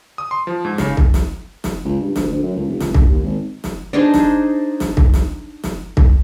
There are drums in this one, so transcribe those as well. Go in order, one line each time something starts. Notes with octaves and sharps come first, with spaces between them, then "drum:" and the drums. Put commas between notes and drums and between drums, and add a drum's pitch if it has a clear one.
D#6
C6
F3
G#2
C#3, drum: snare
drum: kick
drum: snare
drum: snare
C#2
G2
D2, drum: snare
D2
F#2
C#2
F1
C#2, drum: snare
A#1, drum: kick
D#2
G#1
drum: snare
D4 D#4 G#4 C5
drum: snare
drum: snare
drum: kick
drum: snare
drum: snare
drum: kick